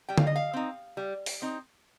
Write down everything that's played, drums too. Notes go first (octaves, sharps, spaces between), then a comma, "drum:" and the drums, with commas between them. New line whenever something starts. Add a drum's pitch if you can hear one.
G3 G5
F5, drum: tom D3
D#5
F5
C4 D#4
G3
drum: open hi-hat
C4 D#4